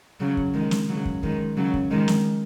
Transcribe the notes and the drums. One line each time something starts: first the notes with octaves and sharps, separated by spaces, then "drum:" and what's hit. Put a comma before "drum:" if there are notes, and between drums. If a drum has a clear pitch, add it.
C#3 F#3
drum: kick
D#3 G#3
drum: snare
C#3 F#3
drum: kick
D#3 G#3, drum: kick
C#3 F#3
drum: kick
D#3 G#3
drum: snare